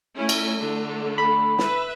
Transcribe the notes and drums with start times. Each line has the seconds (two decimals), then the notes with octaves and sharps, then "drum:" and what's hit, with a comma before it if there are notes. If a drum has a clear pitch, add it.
0.16 A3 C#4 E4
0.29 drum: cymbal
0.60 D3 A3
1.18 B5
1.59 B4 E5, drum: snare